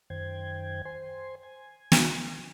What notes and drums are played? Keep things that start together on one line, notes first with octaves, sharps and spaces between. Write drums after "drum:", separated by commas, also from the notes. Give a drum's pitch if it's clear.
F#2 D#3 C5 G5 G#6
C5 G#5 C6
G#5
drum: snare